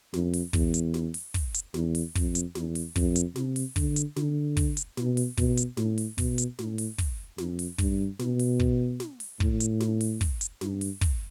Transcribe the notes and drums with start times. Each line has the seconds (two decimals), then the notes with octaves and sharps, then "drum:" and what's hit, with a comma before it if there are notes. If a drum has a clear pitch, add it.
0.14 F2, drum: snare
0.33 drum: open hi-hat
0.53 E2, drum: kick, open hi-hat
0.74 drum: hi-hat
0.94 drum: snare
1.14 drum: open hi-hat
1.34 drum: kick, open hi-hat
1.54 drum: hi-hat
1.74 E2, drum: snare
1.95 drum: open hi-hat
2.15 F2, drum: kick, open hi-hat
2.35 drum: hi-hat
2.55 E2, drum: snare
2.75 drum: open hi-hat
2.96 F2, drum: kick, open hi-hat
3.16 drum: hi-hat
3.36 C3, drum: snare
3.56 drum: open hi-hat
3.76 D3, drum: kick, open hi-hat
3.96 drum: hi-hat
4.16 D3, drum: snare
4.57 drum: kick, open hi-hat
4.77 drum: hi-hat
4.97 B2, drum: snare
5.17 drum: open hi-hat
5.37 B2, drum: kick, open hi-hat
5.57 drum: hi-hat
5.77 A2, drum: snare
5.98 drum: open hi-hat
6.18 B2, drum: kick, open hi-hat
6.38 drum: hi-hat
6.59 A2, drum: snare
6.78 drum: open hi-hat
6.98 drum: kick, open hi-hat
7.38 F2, drum: snare
7.59 drum: open hi-hat
7.78 G2, drum: kick, open hi-hat
8.19 B2, drum: snare
8.39 drum: open hi-hat
8.60 drum: kick
9.00 drum: snare
9.20 drum: open hi-hat
9.40 A2, drum: kick
9.60 drum: hi-hat
9.80 drum: snare
10.01 drum: open hi-hat
10.21 drum: kick, open hi-hat
10.41 drum: hi-hat
10.61 G2, drum: snare
10.81 drum: open hi-hat
11.01 drum: kick, open hi-hat